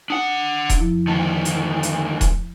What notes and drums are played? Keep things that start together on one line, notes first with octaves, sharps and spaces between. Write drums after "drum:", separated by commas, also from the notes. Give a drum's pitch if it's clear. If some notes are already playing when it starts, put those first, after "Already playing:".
D4 F#5 D#6
drum: kick D#1, hi-hat
F2 F3 E4
D2 D#3 A5
drum: hi-hat
drum: hi-hat
drum: kick D#1, hi-hat